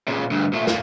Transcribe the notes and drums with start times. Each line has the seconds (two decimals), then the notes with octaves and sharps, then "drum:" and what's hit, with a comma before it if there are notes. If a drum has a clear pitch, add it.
0.08 A#2 C#3
0.31 D2 G2
0.53 A#2 A3
0.67 A2 A#3, drum: snare